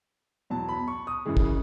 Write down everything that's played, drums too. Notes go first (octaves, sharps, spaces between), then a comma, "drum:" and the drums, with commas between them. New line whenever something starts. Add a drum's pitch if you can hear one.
E2 B2 F#3 A5
B5
C#6
D#6
F#2 C#3 E3 G#3
drum: kick